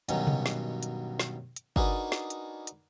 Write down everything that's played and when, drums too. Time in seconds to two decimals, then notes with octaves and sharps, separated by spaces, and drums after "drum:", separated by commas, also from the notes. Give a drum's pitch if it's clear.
0.09 G2 B2 D#3 F#3 C#4, drum: hi-hat
0.27 drum: tom C3
0.46 drum: snare
0.83 drum: hi-hat
1.20 drum: snare
1.56 drum: hi-hat
1.76 D4 D#4 F#4 G#4 A#4 B4, drum: kick G1
2.12 drum: snare
2.30 drum: hi-hat
2.67 drum: hi-hat